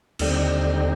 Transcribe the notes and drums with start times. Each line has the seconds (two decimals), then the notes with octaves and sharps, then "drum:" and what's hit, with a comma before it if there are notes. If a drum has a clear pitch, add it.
0.19 D#2 D3 G3 C4 D#4, drum: cymbal